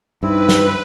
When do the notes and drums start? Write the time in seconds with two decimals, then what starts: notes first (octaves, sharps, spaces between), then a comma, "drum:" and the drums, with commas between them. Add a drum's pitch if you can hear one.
0.23 G2 C4 D#4 E4 B4
0.49 drum: snare